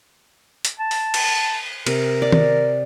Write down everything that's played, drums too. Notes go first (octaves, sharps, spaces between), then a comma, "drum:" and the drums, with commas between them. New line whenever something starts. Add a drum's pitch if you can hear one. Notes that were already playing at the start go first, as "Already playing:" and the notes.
drum: hi-hat
A5
drum: open hi-hat
drum: cymbal
C3 A#4, drum: cymbal
D5
drum: tom D#3